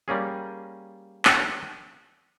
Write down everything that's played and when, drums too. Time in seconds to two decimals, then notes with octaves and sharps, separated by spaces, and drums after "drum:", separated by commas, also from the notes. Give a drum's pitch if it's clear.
0.08 G3 A#3 C#4 G#4
1.25 drum: clap